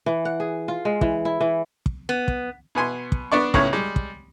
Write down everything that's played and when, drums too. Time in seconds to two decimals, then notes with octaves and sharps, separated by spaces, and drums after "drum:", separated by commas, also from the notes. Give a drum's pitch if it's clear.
0.06 E3
0.25 F#5
0.40 G#4
0.68 F4
0.85 G#3
1.01 E3, drum: kick
1.25 E4
1.41 E3
1.86 drum: kick
2.09 B3
2.28 drum: kick
2.75 B2 B3 G#5 C6
3.12 drum: kick
3.32 B3 D4 D5 C#6
3.54 C#2 A2 B3 C#4 C#5, drum: kick
3.73 G3 G#3
3.96 drum: kick